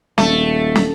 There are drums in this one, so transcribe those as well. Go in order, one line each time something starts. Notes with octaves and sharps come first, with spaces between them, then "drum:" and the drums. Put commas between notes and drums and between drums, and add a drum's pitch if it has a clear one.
D#1 A3, drum: snare
drum: snare